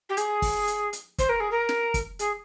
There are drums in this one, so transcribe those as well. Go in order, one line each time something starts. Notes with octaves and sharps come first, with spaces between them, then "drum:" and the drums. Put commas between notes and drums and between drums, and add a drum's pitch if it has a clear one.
G4
G#4, drum: hi-hat
drum: kick, open hi-hat
drum: hi-hat
drum: hi-hat
C5, drum: kick, hi-hat
A#4
G#4
A#4
drum: snare
drum: kick, hi-hat
G#4, drum: hi-hat